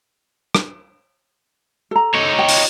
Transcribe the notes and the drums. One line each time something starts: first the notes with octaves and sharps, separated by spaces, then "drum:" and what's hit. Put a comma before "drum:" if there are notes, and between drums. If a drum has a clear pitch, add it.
drum: rim click
A4 A#5
D#4 C#5
G5
drum: open hi-hat